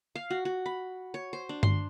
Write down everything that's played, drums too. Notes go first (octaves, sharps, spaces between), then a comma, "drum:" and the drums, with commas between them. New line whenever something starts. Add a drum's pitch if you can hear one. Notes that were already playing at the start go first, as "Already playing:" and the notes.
F5
F#4
F#4
B5
C#5
C5
D4
C6, drum: tom G2